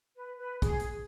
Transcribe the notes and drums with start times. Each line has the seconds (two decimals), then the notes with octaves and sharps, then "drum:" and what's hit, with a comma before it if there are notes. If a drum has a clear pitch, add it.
0.15 B4
0.38 B4
0.62 G#4, drum: kick, hi-hat
0.80 drum: hi-hat